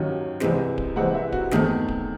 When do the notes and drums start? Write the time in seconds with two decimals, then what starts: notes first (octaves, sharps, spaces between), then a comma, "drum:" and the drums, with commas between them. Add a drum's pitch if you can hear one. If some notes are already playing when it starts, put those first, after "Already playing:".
Already playing: D#2 D#3 F#3 C#4
0.40 C2 C3 E3 G#3 C4, drum: snare
0.78 drum: kick D1
0.96 C2 C3 E3 G#3 C4 F#5
1.15 E5
1.32 F#4, drum: kick D1
1.51 E2 D#3 A3 C4 G#4, drum: snare
1.88 drum: kick D1